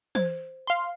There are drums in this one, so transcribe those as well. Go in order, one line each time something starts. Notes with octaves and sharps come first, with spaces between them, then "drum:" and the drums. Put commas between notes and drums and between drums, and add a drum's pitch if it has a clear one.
C5, drum: tom
F5 C6